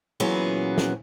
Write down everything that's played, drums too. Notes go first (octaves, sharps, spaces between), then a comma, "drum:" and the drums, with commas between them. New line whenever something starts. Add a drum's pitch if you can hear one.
A#2 E3 F#3 B3 C#4 G#4
drum: snare